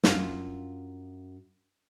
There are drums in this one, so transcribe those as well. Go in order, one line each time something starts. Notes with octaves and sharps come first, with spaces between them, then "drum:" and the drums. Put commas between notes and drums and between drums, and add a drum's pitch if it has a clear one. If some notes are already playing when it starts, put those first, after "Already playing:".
F#2 F4, drum: snare